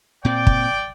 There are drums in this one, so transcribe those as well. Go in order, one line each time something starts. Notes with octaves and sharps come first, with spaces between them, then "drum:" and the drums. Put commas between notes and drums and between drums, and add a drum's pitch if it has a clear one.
A#2 C4 D5 G5
drum: kick